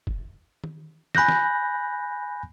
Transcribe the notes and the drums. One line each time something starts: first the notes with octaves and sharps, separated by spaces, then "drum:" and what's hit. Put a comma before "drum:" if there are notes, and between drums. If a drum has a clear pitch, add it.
drum: kick
drum: tom D#3
G#5 B5 F#6 G6 A#6, drum: snare
drum: snare